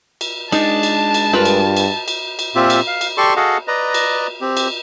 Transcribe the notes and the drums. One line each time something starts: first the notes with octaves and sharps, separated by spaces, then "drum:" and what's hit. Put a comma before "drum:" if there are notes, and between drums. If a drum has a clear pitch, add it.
drum: cymbal
G#3 D4 D#4 A5, drum: cymbal
drum: cymbal
drum: cymbal
G2 F4 A#4 B4
drum: cymbal
drum: cymbal
drum: cymbal
drum: cymbal
A#2 C4 F4 G4 E5
drum: cymbal
F5
drum: cymbal
G4 A4 D5 C6 C#6
F#4 G#4 A4 D#5 F5 F#5
B4 D5 D#5 A#5
drum: cymbal
C4 G4
drum: cymbal